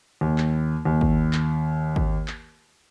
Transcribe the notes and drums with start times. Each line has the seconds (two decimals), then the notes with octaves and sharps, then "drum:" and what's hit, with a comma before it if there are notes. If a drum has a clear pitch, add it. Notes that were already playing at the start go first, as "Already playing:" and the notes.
0.21 D#2
0.38 drum: clap
0.85 D#2
1.01 drum: kick
1.33 drum: clap
1.96 drum: kick
2.28 drum: clap